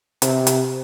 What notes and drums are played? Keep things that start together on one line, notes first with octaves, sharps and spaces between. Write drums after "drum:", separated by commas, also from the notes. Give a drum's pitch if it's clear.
C3, drum: hi-hat
drum: hi-hat